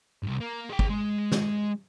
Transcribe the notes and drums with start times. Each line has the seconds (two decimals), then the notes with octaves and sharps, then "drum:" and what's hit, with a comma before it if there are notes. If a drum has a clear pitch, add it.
0.23 C2 G2
0.41 A#3
0.70 G#4 G5
0.79 drum: kick G1
0.90 G#3
1.32 drum: snare